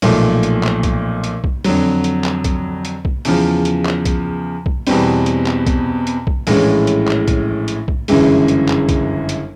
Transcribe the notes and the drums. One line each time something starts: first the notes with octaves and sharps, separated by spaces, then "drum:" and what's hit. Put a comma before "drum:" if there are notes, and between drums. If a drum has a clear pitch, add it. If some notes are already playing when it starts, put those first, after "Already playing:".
B1 A#2 F3 A3, drum: open hi-hat
drum: hi-hat
drum: clap
drum: kick B1, hi-hat
drum: hi-hat
drum: kick B1
F2 D3 F#3, drum: open hi-hat
drum: hi-hat
drum: clap
drum: kick B1, hi-hat
drum: hi-hat
drum: kick B1
E2 C#3 F3, drum: open hi-hat
drum: hi-hat
drum: clap
drum: kick B1, hi-hat
drum: kick B1
E2 B2 G3 C4, drum: open hi-hat
drum: hi-hat
drum: clap
drum: kick B1, hi-hat
drum: hi-hat
drum: kick B1
A#1 A2 E3 G#3 C#4, drum: open hi-hat
drum: hi-hat
drum: clap
drum: kick B1, hi-hat
drum: hi-hat
drum: kick B1
G1 F#2 C#3 E3 G#3, drum: open hi-hat
drum: hi-hat
drum: clap
drum: kick B1, hi-hat
drum: hi-hat